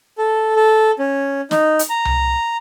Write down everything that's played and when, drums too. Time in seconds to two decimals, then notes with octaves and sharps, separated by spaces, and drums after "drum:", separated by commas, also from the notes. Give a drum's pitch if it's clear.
0.18 A4
0.56 A4
0.99 C#4
1.51 D#4, drum: snare
1.79 drum: hi-hat
1.90 A#5
2.05 drum: tom C2